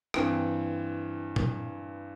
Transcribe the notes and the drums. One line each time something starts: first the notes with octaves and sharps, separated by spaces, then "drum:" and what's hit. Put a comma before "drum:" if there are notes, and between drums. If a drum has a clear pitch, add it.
G2 E3 C4, drum: rim click
drum: tom A#2